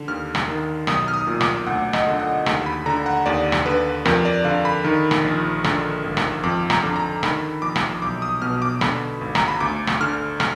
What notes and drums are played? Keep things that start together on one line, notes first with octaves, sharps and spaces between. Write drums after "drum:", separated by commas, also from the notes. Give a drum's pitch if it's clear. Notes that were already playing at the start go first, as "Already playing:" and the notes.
Already playing: D3
D#2 F6
drum: rim click
D#3
B1 D#6, drum: rim click
F6
D#6
A#2
D6, drum: rim click
D2 F#5
D#5, drum: rim click
D3
F#5
D#2, drum: rim click
B5
D3 A#5
F#5
D#2 D5
drum: rim click
D3 B4
F2 A#4, drum: rim click
D5
D3 F5
B5
D#3
drum: rim click
A#1
D3, drum: rim click
G#1
drum: rim click
F2 D6
A#5, drum: rim click
D3
A#5
D#3 B5, drum: rim click
A#1 D6
drum: rim click
B1 D6
D#6
B2 F6
D6
D3 B5, drum: rim click
G#1
A#5, drum: rim click
B5
D2 D6
drum: rim click
D3 F6
F6, drum: rim click